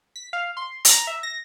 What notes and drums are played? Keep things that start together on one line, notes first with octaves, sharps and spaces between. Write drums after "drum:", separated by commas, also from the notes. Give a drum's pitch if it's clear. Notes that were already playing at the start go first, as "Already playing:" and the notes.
B6
F5
C6
A#5, drum: hi-hat
E5
A#6